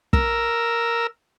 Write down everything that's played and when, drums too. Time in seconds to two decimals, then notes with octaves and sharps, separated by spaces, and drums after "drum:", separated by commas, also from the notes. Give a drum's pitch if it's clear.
0.13 A#4 E6, drum: kick